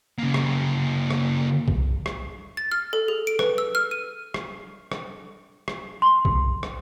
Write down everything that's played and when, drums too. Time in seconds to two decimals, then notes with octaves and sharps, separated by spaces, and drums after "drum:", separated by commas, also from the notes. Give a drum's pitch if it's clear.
0.19 C#3 A#3
0.34 drum: rim click
1.11 drum: rim click
1.68 drum: kick B1
2.06 drum: rim click
2.57 A6
2.72 F6
2.93 A4
3.08 G#4
3.27 D7
3.39 B4, drum: rim click
3.58 E6
3.75 F6
3.91 D#7
4.34 drum: rim click
4.92 drum: rim click
5.68 drum: rim click
6.02 C6
6.25 drum: kick B1
6.63 drum: rim click